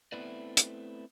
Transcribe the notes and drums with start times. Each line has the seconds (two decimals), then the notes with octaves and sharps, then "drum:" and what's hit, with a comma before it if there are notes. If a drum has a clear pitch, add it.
0.12 A3 B3 C4 E4 B4 D5
0.57 drum: hi-hat